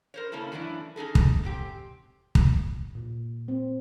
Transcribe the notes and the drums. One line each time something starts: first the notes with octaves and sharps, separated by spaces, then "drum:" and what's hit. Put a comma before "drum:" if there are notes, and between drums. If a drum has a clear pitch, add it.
A#4 C5 C#5
C#3 A#3 C#4 E4 A4
F#2 E3 A3 C#4 D4 E4
C#4 D#4 G#4 A4
drum: kick
G#2 C4 G4
drum: kick
A#2
C4